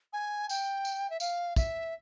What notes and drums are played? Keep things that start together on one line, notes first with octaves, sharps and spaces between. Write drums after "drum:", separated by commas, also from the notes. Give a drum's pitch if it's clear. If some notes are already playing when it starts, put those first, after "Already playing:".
G#5
G5, drum: tambourine
drum: tambourine
E5
F5, drum: tambourine
E5, drum: kick, tambourine